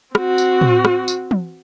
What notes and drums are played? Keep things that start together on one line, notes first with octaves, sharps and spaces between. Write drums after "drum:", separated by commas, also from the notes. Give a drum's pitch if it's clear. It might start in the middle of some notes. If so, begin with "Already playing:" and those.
C4 F#4, drum: rim click
drum: tambourine
drum: tom
drum: rim click
drum: tambourine
drum: tom